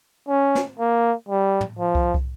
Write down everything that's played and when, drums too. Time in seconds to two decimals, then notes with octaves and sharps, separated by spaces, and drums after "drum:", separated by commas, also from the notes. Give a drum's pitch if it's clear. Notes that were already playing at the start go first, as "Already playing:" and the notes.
0.29 C#4
0.55 drum: snare
0.79 A#3
1.29 G3
1.61 drum: tom
1.79 F3
1.95 drum: kick
2.14 drum: kick